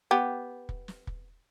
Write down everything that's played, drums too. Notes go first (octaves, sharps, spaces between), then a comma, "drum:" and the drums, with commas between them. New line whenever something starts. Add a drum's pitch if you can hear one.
B3 G4
drum: kick
drum: snare
drum: kick